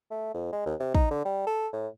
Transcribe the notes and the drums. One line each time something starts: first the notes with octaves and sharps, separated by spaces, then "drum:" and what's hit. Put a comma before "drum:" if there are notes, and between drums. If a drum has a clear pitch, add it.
A3
F2
G#3
D#2
C3
D#4, drum: kick
D3
G3
A4
A2